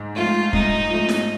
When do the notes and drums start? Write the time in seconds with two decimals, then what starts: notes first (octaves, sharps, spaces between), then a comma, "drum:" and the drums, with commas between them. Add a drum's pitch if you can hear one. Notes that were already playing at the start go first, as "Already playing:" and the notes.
Already playing: G#2
0.16 F3 A3 F4
0.53 G#2 D#4, drum: kick
0.90 F3 A3
1.09 drum: snare E4